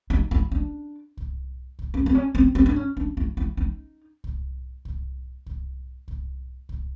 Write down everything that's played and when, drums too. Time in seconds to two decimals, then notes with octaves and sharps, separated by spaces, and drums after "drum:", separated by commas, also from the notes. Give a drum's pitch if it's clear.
0.10 D#4
0.31 E4
0.51 D4
1.17 drum: kick C2
1.79 drum: kick C2
1.94 C#4
2.06 C4
2.15 C#4
2.35 C4
2.55 C4
2.66 D4
2.76 C#4
2.97 D4
3.17 E4
3.37 E4
3.57 D#4
4.24 drum: kick C2
4.85 drum: kick C2
5.46 drum: kick C2
6.08 drum: kick C2
6.69 drum: kick C2